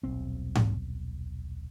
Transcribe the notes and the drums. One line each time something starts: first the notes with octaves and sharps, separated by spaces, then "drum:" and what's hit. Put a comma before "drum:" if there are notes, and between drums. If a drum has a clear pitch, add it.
D#1 B1 C4
drum: tom G#2